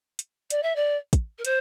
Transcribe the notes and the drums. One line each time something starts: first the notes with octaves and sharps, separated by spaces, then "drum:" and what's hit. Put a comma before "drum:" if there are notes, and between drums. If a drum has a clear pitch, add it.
drum: hi-hat
D5, drum: hi-hat
E5
D5
drum: kick, hi-hat
A#4
C5, drum: hi-hat